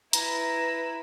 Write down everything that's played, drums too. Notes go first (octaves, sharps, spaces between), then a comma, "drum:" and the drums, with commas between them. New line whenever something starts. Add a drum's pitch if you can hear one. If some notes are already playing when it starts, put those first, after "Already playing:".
E4 B4 A#5, drum: hi-hat